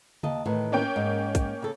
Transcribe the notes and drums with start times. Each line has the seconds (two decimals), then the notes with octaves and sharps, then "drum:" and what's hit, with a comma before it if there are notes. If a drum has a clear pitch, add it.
0.23 D#2 D#5 A5, drum: tom C#3
0.46 A2 D#3 E3
0.72 A#3 C#4 G5
0.96 G#2
1.35 drum: kick, hi-hat
1.62 C#3 A4